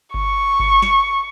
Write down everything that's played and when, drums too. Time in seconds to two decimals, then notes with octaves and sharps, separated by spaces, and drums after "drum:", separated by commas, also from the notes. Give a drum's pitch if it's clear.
0.14 C#6, drum: kick G1
0.60 drum: kick G1
0.82 drum: snare